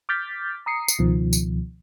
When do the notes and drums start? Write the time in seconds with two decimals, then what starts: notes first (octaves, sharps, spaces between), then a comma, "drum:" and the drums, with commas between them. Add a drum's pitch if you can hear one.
0.09 D6 F6 G6 A6 B6
0.66 A#5 D#6 C7 C#7
0.88 drum: tambourine
0.99 C#2 B2 D#3 F3
1.33 drum: tambourine